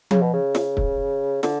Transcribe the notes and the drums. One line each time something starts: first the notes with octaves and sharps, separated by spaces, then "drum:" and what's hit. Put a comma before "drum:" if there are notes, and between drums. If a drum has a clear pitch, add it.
C#3, drum: tom F3
B2
C#3
drum: snare
drum: kick
D3, drum: snare